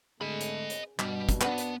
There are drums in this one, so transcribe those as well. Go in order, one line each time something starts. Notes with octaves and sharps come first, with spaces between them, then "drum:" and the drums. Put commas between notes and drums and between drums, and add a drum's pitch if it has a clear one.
D3 G#3 A3 G#4 D#5 B5
drum: hi-hat
drum: hi-hat
G2 B2 G3, drum: clap
drum: kick, hi-hat
B3 D4 F#4 B4, drum: clap
drum: hi-hat